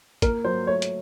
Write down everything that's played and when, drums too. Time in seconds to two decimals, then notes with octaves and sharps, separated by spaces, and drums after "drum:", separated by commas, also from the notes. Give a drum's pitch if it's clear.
0.22 A#3 A#4, drum: kick, hi-hat
0.44 F#3 C5
0.67 A3 C#5
0.82 drum: hi-hat